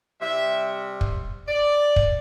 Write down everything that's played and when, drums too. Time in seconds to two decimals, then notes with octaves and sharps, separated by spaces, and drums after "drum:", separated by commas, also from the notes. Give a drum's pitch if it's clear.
0.21 C3 G3 E5
1.01 drum: kick
1.48 D5
1.96 drum: kick